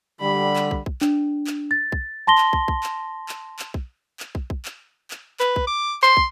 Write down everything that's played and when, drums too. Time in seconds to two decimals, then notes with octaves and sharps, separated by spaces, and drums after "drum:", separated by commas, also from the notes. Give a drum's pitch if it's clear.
0.21 D3 G3 B5
0.56 drum: clap
0.71 drum: kick
0.86 drum: kick
1.01 D4, drum: clap
1.47 drum: clap
1.71 A6
1.92 drum: kick
2.27 A5 C6 A#6 G7
2.38 drum: clap
2.53 drum: kick
2.68 drum: kick
2.83 drum: clap
3.29 drum: clap
3.59 drum: clap
3.74 drum: kick
4.20 drum: clap
4.35 drum: kick
4.50 drum: kick
4.65 drum: clap
5.11 drum: clap
5.40 B4, drum: clap
5.56 drum: kick
5.67 D6
6.03 C6, drum: clap
6.17 drum: kick